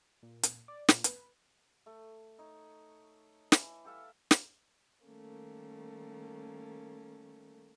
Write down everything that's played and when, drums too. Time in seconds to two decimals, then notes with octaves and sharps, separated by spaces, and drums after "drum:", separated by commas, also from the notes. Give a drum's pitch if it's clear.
0.23 A#2
0.43 drum: hi-hat
0.68 D5
0.89 A#2, drum: snare
1.04 B4, drum: hi-hat
1.86 A3
2.38 D#4 C#5
3.52 E3, drum: snare
3.85 G4 A4 E5 F5
4.31 drum: snare
5.04 D#3 G3 A3 A#3 C#4